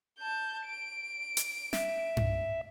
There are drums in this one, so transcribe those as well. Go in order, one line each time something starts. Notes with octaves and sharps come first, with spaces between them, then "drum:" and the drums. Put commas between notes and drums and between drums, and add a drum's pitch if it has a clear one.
A5 G6
D7
drum: hi-hat
E5, drum: snare
drum: tom G2